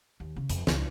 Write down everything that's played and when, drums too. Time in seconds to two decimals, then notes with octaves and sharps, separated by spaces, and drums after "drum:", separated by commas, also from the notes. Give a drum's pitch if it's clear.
0.20 D#2
0.36 C#3
0.49 F2, drum: hi-hat
0.67 C#2, drum: snare